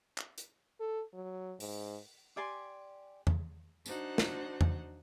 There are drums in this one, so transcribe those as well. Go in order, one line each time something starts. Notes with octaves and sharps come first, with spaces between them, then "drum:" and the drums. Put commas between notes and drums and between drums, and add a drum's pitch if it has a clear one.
drum: clap
drum: hi-hat
A4
F#3
G#2, drum: open hi-hat
G4 D5 G#5 C6
drum: tom E2
D4 D#4 F#4 C5 F#5, drum: tambourine
drum: snare
drum: tom E2